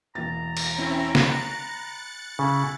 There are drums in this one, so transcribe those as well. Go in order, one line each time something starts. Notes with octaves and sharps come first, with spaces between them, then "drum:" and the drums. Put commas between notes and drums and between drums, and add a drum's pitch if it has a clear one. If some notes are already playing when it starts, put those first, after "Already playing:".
E1 A#3 A#5 A6
drum: cymbal
C4 C#4 E4
B5 F#6 A6 C#7, drum: snare
C#3 E4